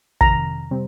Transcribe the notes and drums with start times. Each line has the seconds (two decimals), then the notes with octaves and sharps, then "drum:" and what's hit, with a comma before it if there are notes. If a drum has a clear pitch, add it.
0.21 F2 C3 D#3 A#5, drum: kick
0.71 C3 G3 C4